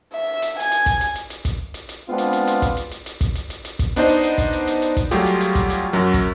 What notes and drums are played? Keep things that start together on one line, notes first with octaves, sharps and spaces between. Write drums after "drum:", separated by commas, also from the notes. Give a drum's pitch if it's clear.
E5
drum: hi-hat
G#5, drum: hi-hat
drum: hi-hat
drum: kick, hi-hat
drum: hi-hat
drum: hi-hat
drum: hi-hat
drum: kick, hi-hat
drum: hi-hat
drum: hi-hat
G#3 B3 C4 D4 F4
drum: hi-hat
drum: hi-hat
drum: hi-hat
drum: kick, hi-hat
drum: hi-hat
drum: hi-hat
drum: hi-hat
drum: kick, hi-hat
drum: hi-hat
drum: hi-hat
drum: hi-hat
drum: kick, hi-hat
B3 D4 D#4 C5 D#5, drum: hi-hat
drum: hi-hat
drum: hi-hat
drum: kick, hi-hat
drum: hi-hat
drum: hi-hat
drum: hi-hat
drum: kick, hi-hat
F#3 G3 A3 F4 G4 G#4, drum: hi-hat
drum: hi-hat
drum: hi-hat
drum: kick, hi-hat
drum: hi-hat
F#2 F#3 A#4
drum: kick, hi-hat